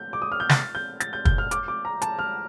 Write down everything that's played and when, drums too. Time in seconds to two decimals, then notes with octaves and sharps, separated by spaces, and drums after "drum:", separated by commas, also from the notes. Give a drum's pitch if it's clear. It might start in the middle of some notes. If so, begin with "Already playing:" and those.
Already playing: G6
0.13 D6
0.22 D#6
0.32 F6
0.40 G6
0.50 A6, drum: snare
0.75 G6
1.00 A6, drum: hi-hat
1.13 G6
1.25 G6, drum: kick
1.38 F6
1.51 D6, drum: hi-hat
1.68 D6
1.85 A#5
2.02 A5, drum: hi-hat
2.19 F6